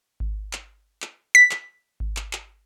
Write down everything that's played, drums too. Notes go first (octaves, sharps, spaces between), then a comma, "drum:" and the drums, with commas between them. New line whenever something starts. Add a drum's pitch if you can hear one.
drum: kick G#1
drum: clap
drum: clap
B6
drum: clap
drum: kick G#1
drum: clap
drum: clap